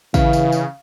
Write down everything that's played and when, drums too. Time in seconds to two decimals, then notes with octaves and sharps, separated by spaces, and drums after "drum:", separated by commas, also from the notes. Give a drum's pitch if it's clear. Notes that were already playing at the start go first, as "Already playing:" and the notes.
0.14 C#3 E3 F5, drum: kick, tambourine
0.33 drum: tambourine
0.52 drum: tambourine